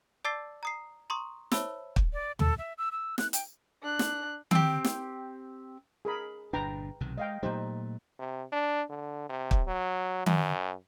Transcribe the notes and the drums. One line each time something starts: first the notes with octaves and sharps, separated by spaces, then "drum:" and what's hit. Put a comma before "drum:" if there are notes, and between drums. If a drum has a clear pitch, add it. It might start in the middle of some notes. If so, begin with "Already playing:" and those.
D5 A5 D6 E6 A6 C7
A#5 D#6 C7
A#5 C6 C#6 D#6
C5 C#5 E5 A5 B5 E6, drum: snare
drum: kick
D5
A4, drum: tom
E5
E6
E6
F#6, drum: snare
G5, drum: hi-hat
D4 F#6
drum: snare
C4 G4, drum: tom D#3
drum: snare
G#4 A#4 B5
G1 A#2 D4 B4 G5 A#5
B1 C3 D#3
G#3 D#5 F5 G5
A#2 F#3 A3 D#4 G4 C5
C3
D4
D3
C3
drum: kick
F#3
F#2, drum: tom D#3